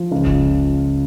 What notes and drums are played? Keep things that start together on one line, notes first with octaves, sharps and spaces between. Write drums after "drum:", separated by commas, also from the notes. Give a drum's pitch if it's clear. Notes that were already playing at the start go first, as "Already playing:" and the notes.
Already playing: F3
C#2
drum: kick F1